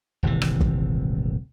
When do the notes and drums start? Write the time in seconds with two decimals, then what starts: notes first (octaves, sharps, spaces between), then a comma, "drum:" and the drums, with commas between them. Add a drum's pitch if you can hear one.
0.23 D#1 G#1 C3 E3
0.42 drum: rim click
0.60 drum: kick